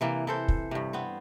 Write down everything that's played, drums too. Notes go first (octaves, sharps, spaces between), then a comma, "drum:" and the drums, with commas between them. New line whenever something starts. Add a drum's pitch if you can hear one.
C3 E3 A#3
E3 A4 C5
drum: kick
G2 C3
B3 C4